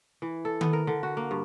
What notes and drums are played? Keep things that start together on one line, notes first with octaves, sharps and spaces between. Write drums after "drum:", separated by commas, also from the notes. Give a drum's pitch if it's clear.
E3
A4
B3, drum: tom D#3
A#4
D3
F#4
A#3
G2